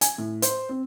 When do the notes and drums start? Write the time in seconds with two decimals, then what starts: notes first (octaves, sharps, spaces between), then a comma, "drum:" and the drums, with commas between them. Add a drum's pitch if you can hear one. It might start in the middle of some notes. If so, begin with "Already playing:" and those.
0.01 G#5, drum: hi-hat
0.18 A2
0.42 C5, drum: hi-hat
0.69 C4